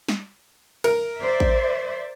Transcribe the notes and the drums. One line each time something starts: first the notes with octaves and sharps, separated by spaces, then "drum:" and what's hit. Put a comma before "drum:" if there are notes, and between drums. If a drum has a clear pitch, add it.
drum: snare
A#4, drum: cymbal
C5 D5 E5
drum: kick A1